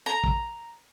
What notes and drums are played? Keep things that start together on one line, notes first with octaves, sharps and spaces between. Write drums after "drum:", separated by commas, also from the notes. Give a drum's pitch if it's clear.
A#5
drum: kick